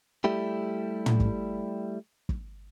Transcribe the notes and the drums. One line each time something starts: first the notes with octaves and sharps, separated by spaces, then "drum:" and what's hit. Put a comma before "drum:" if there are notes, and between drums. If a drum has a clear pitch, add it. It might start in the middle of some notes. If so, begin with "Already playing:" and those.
G3 A3 E4 G4
drum: tom
drum: kick
drum: kick